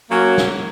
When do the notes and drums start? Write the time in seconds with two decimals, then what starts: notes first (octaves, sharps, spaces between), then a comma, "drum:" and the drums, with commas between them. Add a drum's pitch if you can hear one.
0.10 F#3 A#3 C#4 F#4 A#4
0.38 drum: snare